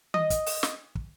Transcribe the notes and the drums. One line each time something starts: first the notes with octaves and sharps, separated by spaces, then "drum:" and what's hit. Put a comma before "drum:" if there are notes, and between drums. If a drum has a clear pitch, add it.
D#5, drum: tom D#3
drum: kick, hi-hat
drum: open hi-hat
drum: snare
drum: kick